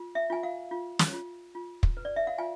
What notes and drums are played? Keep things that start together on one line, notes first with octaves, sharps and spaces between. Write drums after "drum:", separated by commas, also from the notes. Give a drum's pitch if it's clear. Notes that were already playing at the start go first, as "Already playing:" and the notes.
Already playing: F4
E5
F4 G#5
F5
F4
drum: snare
F4
F4
drum: kick
B4
D5
E5
F5
F4 G#5